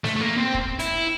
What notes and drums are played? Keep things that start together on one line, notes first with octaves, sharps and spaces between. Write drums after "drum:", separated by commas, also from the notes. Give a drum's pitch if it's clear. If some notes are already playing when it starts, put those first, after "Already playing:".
A3, drum: snare
A3
A#3
C4
drum: kick
E4, drum: hi-hat